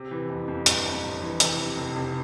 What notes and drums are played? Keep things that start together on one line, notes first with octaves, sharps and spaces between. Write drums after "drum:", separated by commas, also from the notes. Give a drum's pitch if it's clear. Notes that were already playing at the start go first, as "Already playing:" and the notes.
Already playing: C3
E3
F2
F2
G1, drum: hi-hat
F2
G1
E3
F1, drum: hi-hat
C3
F1
F1